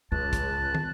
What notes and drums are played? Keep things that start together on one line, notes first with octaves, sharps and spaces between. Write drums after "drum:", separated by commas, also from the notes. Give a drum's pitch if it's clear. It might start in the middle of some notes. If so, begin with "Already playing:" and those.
C#2 F4 A5 F#6
drum: kick, hi-hat
drum: tom